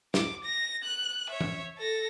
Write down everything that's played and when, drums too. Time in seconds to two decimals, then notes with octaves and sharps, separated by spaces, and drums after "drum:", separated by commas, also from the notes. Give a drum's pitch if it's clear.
0.14 D6, drum: snare
0.44 A#6
0.84 F#6
1.30 C#5 E5
1.41 drum: tom
1.78 A4 A#6